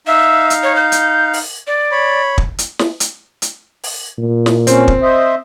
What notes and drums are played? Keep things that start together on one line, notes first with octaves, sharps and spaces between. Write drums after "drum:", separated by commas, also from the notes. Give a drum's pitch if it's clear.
D#4 E5 F5
drum: hi-hat
C#5
G6
drum: hi-hat
drum: open hi-hat
D5
C#5 B5
drum: kick
drum: hi-hat
drum: snare
drum: hi-hat
drum: hi-hat
drum: open hi-hat
A#2
drum: snare
C4 C#4, drum: hi-hat
drum: kick
C5 D#5 E5